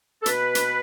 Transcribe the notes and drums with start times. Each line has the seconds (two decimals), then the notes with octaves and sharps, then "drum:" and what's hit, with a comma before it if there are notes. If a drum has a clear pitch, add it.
0.22 A4
0.26 B2 B4, drum: hi-hat
0.55 drum: hi-hat